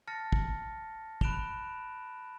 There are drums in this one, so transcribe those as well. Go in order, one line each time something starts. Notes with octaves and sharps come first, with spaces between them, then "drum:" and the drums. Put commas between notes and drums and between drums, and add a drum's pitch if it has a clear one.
A5 F6 A6 A#6 C#7
drum: kick
B5 F#6 D7 E7 F7 G7, drum: kick